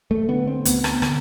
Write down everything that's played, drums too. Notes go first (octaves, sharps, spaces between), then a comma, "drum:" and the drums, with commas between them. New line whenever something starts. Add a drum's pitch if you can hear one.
A3
D3 B3
C4
D2 B3, drum: hi-hat
drum: rim click
D3, drum: rim click